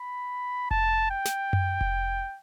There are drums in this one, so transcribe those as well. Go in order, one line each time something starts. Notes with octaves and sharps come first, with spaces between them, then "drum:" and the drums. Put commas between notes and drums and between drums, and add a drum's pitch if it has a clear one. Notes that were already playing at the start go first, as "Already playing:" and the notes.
Already playing: B5
A5, drum: kick F1
G5
drum: snare
drum: tom F#2
drum: kick F1